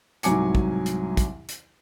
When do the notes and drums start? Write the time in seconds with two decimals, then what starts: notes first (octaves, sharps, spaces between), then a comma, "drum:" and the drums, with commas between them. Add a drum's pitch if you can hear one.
0.23 C2 G#2 F#3 G#5 D6 C#7, drum: hi-hat
0.55 drum: kick
0.86 drum: hi-hat
1.17 drum: kick, hi-hat
1.49 drum: hi-hat